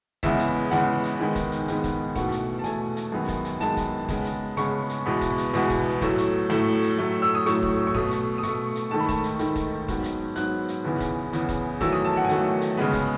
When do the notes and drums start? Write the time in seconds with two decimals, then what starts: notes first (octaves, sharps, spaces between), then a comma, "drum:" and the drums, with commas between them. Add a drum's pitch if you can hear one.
0.23 E2 C#3 G#3 B3 E5, drum: kick, hi-hat
0.39 drum: hi-hat
0.71 E2 C#3 G#3 B3 F#5, drum: hi-hat
1.03 drum: hi-hat
1.19 G#2 D#3 G#3 B3
1.36 drum: kick, hi-hat
1.52 drum: hi-hat
1.68 G#2 D#3 G#3 B3, drum: hi-hat
1.84 drum: kick, hi-hat
2.16 E2 B2 A3 F#5, drum: kick, hi-hat
2.32 drum: hi-hat
2.59 A5
2.64 E2 B2 A3 G#5, drum: hi-hat
2.96 drum: hi-hat
3.12 F#2 D#3 G#3 B3
3.28 drum: kick, hi-hat
3.45 drum: hi-hat
3.60 F#2 D#3 G#3 B3 A5, drum: hi-hat
3.77 drum: kick, hi-hat
4.09 C#3 G#3 B3, drum: kick, hi-hat
4.25 drum: hi-hat
4.57 C#3 G#3 B3 C#6, drum: hi-hat
4.89 drum: hi-hat
5.06 E2 B2 G#3 B3
5.21 drum: kick, hi-hat
5.38 drum: hi-hat
5.54 E2 B2 G#3 B3, drum: hi-hat
5.70 drum: kick, hi-hat
6.01 A2 F#3 A3, drum: kick, hi-hat
6.18 drum: hi-hat
6.50 A2 F#3 A3, drum: hi-hat
6.82 drum: hi-hat
6.99 A2 F#3 A3
7.22 E6
7.35 D#6
7.46 A2 F#3 A3 C#6, drum: hi-hat
7.63 drum: kick
7.87 C#6
7.95 B2 A3 D#6, drum: kick
8.11 drum: hi-hat
8.38 D#6
8.43 B2 A3 C#6, drum: hi-hat
8.75 drum: hi-hat
8.91 G#2 D#3 A3 A5
9.00 B5
9.09 A5, drum: kick, hi-hat
9.23 drum: hi-hat
9.39 G#2 D#3 A3, drum: hi-hat
9.56 drum: kick, hi-hat
9.88 G#2 F#3 B3, drum: kick, hi-hat
10.04 drum: hi-hat
10.36 G#2 F#3 B3 F#6, drum: hi-hat
10.68 drum: hi-hat
10.84 E2 C#3 E3 B3
11.00 drum: kick, hi-hat
11.33 E2 C#3 E3 B3, drum: hi-hat
11.49 drum: kick, hi-hat
11.81 E2 D#3 F#3 A3 E6, drum: kick, hi-hat
11.93 D#6
12.05 A5
12.17 F#5
12.24 G#5
12.29 E2 D#3 F#3 A3 F#5, drum: hi-hat
12.61 drum: hi-hat
12.77 C#3 G#3 B3
12.93 drum: kick, hi-hat